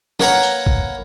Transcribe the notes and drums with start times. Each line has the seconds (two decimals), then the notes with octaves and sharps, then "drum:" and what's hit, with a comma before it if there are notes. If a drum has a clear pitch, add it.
0.20 A#3 A#4 B4 C#5 F#5 A#5, drum: snare
0.43 drum: tambourine
0.67 drum: kick